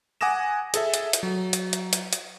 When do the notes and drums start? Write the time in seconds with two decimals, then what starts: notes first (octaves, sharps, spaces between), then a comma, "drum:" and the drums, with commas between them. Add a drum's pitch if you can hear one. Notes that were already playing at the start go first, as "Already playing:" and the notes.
0.21 F#5 G#5 D6 D#6 A#6 E7
0.74 G#4 A4 E5, drum: hi-hat
0.94 drum: hi-hat
1.13 drum: hi-hat
1.23 F#3
1.53 drum: hi-hat
1.73 drum: hi-hat
1.93 drum: hi-hat
2.13 drum: hi-hat